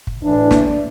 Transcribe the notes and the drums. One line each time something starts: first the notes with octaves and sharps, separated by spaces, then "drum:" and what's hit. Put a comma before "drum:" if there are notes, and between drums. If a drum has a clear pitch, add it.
drum: kick
A2 E3 D4
drum: snare